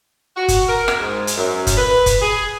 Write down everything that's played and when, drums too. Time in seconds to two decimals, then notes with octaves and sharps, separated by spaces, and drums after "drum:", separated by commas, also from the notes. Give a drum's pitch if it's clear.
0.36 F#4
0.48 drum: kick F#1, hi-hat
0.68 A#4
0.88 drum: rim click
1.00 G#2
1.27 drum: hi-hat
1.37 F#2
1.67 drum: kick F#1, hi-hat
1.76 B4
2.06 drum: kick F#1, hi-hat
2.21 G#4